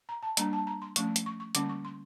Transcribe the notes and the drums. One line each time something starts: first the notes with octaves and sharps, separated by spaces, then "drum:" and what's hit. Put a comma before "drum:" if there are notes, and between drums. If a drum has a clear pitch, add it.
A#5
A5
G3 A#3 D4 A#5, drum: hi-hat
A5
A#5
C6
F3 A3 C#4 C#6, drum: hi-hat
drum: hi-hat
C#6
C#6
D3 G3 A#3 C#4 D6, drum: hi-hat
C#6
C6